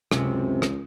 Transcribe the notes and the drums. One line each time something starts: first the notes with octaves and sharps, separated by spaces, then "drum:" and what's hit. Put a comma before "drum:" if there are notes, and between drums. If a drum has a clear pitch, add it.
C#2 F#2 C3, drum: rim click
drum: rim click